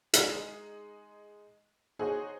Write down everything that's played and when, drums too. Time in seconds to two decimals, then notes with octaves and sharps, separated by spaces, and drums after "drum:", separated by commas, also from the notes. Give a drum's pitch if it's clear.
0.13 G#3 D#4, drum: hi-hat
1.99 D#4 F#4 G#4 C5 C#5